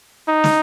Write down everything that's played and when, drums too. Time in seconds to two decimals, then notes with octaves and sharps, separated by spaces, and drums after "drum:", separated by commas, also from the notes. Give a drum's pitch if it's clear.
0.28 D#4
0.44 drum: snare